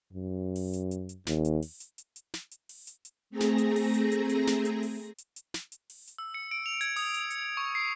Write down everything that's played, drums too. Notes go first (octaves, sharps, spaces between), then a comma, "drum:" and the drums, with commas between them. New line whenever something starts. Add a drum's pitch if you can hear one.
F#2
drum: open hi-hat
drum: hi-hat
drum: hi-hat
drum: hi-hat
D#2, drum: snare
drum: hi-hat
drum: open hi-hat
drum: hi-hat
drum: hi-hat
drum: hi-hat
drum: snare
drum: hi-hat
drum: open hi-hat
drum: hi-hat
drum: hi-hat
A3 C4 G#4 A#5 A#6
drum: snare
drum: hi-hat
drum: open hi-hat
drum: hi-hat
drum: hi-hat
drum: hi-hat
drum: snare
drum: hi-hat
drum: open hi-hat
drum: hi-hat
drum: hi-hat
drum: snare
drum: hi-hat
drum: open hi-hat
drum: hi-hat
E6
C#7
D7
F7
G#6, drum: hi-hat
D#6, drum: open hi-hat
drum: hi-hat
C#7, drum: hi-hat
C#6
C7